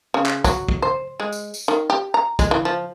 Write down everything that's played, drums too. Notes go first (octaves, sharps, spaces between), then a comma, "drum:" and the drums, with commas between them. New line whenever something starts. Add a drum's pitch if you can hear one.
C#3
drum: clap
F#3, drum: kick, tambourine
drum: kick
C5
G#3
drum: tambourine
drum: tambourine
D#3
G4
A#5
G#3, drum: kick, tambourine
E3
F3